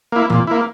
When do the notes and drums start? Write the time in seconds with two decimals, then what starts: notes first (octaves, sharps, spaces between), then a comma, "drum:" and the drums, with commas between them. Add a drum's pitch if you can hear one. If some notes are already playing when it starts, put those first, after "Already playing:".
0.12 A#3 E4
0.30 A#2, drum: tom E3
0.47 A#3 E4